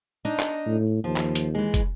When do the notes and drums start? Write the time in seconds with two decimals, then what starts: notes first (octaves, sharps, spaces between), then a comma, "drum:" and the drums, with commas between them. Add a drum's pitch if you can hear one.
0.25 D4 D#4 D#5
0.39 drum: clap
0.66 A2
1.04 D#2 F3
1.16 drum: clap
1.35 drum: hi-hat
1.55 E3 G#3
1.74 drum: kick, hi-hat